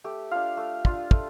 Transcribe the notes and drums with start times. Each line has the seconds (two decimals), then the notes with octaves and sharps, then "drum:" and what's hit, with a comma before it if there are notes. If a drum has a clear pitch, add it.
0.04 A3 G4
0.31 D4 F4 F5
0.57 A3
0.85 D4 F4, drum: kick
1.11 A3, drum: kick